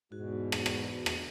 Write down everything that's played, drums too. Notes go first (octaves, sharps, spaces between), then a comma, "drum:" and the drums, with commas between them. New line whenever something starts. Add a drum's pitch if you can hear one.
E2 G#2 B2 F#4
drum: rim click
drum: rim click
drum: rim click